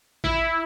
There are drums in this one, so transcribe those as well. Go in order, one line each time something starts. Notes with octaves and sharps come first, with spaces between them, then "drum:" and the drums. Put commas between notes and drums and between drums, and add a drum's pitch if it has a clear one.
E4, drum: kick A1